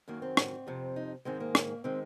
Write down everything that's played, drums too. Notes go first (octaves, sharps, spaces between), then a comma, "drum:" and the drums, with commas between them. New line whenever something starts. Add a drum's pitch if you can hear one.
F#2 D#3 F#3 A#3
C4
drum: rim click
F2 C3 F3
D#4
G#2 D#3 G#3 C4
A#3
drum: rim click
D#3 G#3 C4